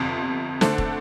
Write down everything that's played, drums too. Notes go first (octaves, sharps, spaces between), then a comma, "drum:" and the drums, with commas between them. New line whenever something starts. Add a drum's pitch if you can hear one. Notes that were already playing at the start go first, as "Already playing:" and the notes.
Already playing: G1 F2 C3
D3 A3 D4 A4 C5, drum: snare
drum: kick